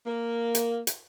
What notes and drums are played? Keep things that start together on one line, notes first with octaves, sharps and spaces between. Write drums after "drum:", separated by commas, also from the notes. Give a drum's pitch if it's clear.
A#3
drum: hi-hat
drum: hi-hat